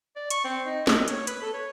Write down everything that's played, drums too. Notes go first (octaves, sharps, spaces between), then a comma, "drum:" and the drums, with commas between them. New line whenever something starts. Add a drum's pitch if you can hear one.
D5
C#6, drum: hi-hat
C4
D#4
D#4, drum: snare
C#5, drum: hi-hat
B4, drum: hi-hat
A4
C#5